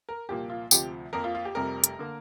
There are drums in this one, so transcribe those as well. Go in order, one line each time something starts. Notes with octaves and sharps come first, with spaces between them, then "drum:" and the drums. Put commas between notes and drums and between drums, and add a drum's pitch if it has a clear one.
A#4
C2 A#2 F3 A#3 G4
F4
D2 C3 F3 G4, drum: tambourine
F2 F3 A#3 A#4
F4
F4
G4
F1 F2 C3 G3 A#4
drum: hi-hat
D3 A#3